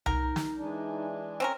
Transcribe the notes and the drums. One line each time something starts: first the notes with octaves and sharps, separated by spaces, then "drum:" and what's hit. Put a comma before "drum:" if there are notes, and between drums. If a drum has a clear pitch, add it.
D#4 A#4, drum: tom C2
drum: snare
E3 G#3 D4
C4 C#4 A#4